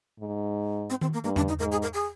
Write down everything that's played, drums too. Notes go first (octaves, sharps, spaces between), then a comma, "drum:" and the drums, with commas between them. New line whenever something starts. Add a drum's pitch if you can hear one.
G#2
C4
C4, drum: tom D#3
A#3
G2 A#3
D4, drum: tom E2
D#4
G#2 A#4
G#4
A#4
G#4